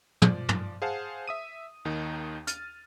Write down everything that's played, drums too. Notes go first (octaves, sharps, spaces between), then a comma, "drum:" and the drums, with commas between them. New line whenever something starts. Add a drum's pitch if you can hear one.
F3 D5, drum: tom
drum: tom
G#4 C5 F5 F#5 A5
E5 D#6 D#7
D#2 D#3 D#4
F6 A6 D#7, drum: hi-hat